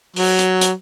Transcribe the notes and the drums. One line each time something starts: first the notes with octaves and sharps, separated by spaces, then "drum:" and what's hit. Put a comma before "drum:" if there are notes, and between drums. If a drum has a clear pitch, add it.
F#3, drum: open hi-hat
drum: hi-hat
drum: hi-hat